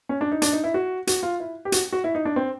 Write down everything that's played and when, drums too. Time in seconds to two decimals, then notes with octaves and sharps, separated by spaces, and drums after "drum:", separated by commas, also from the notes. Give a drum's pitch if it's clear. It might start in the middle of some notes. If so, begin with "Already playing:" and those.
0.09 C#4
0.21 D4
0.31 D#4
0.42 D4, drum: hi-hat
0.52 D#4
0.64 E4
0.74 F#4
1.07 F#4, drum: hi-hat
1.23 F4
1.40 E4
1.65 G4
1.72 F#4, drum: hi-hat
1.93 F#4
2.04 E4
2.15 D#4
2.25 D4
2.36 C4